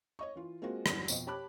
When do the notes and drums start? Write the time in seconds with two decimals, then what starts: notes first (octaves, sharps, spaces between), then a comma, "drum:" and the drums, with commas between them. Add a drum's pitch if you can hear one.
0.19 C#5 D#5 C#6
0.36 E3 F4
0.62 G#3 A#3 C4 F4 F#4
0.86 G1 E2 F#3, drum: rim click
1.08 F2 B2 C5 D#5, drum: tambourine
1.27 G4 C#5 A5 B5 D6 F#6